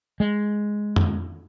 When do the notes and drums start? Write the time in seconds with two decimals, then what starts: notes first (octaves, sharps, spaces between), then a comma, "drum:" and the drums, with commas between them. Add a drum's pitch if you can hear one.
0.20 G#3
0.96 drum: tom F2